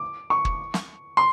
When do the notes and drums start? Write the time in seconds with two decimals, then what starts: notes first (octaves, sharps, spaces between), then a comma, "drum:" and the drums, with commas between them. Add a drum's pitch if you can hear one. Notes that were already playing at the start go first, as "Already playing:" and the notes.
Already playing: D6
0.30 C#6
0.45 drum: kick
0.74 drum: snare
1.17 C6